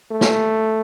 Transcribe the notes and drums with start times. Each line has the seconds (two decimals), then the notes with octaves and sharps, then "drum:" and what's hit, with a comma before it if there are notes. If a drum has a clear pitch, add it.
0.11 A3
0.21 drum: snare